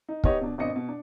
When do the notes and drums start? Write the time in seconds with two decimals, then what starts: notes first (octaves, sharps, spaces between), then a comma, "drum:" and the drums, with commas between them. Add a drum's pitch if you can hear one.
0.09 D#4
0.24 B3 D#4 G4 C#5 D#5, drum: kick
0.41 B2 D4
0.58 G#1 B2 D4 D#5 C#7
0.76 B2
0.89 D4